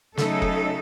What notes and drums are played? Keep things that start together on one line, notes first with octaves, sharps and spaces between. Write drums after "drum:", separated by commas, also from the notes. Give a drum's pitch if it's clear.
C#3 F#3 A3 D#4 A4, drum: snare
drum: kick F1